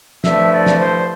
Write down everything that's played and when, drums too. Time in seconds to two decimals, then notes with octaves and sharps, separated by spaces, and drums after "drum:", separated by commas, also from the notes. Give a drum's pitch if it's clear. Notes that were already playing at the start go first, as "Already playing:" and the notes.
0.24 G2 D3 F3 A3 E4 E5, drum: snare
0.52 D5
0.66 drum: snare
0.80 C5